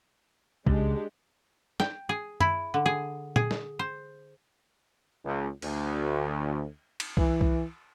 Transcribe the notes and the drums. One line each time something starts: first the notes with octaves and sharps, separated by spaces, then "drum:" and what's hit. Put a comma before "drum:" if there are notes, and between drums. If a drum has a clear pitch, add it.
C#2 G#3 D4 G4, drum: kick C2
G5, drum: snare
G#4
E4, drum: tom F#2
D3
G#4
G#4, drum: tom A#2
drum: snare
C5
C#2
D2, drum: cymbal
drum: cymbal
E3, drum: kick C2
drum: kick C2